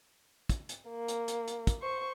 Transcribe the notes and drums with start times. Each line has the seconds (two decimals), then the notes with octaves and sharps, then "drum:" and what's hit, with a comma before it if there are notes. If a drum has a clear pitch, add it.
0.49 drum: kick, hi-hat
0.69 drum: hi-hat
0.89 A#3
1.08 drum: hi-hat
1.28 drum: hi-hat
1.48 drum: hi-hat
1.67 drum: kick, hi-hat
1.82 C5 C#6